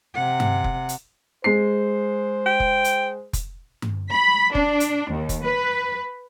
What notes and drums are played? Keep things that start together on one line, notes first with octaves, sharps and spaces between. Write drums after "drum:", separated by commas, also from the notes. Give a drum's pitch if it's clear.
C3 F#5
drum: tom G2
drum: kick F1
drum: hi-hat
G#3 C5 C7
G5
drum: kick F1
drum: hi-hat
drum: kick F1, hi-hat
drum: tom G2
B5
D4, drum: kick F1
drum: hi-hat
D#2
drum: kick F1, hi-hat
B4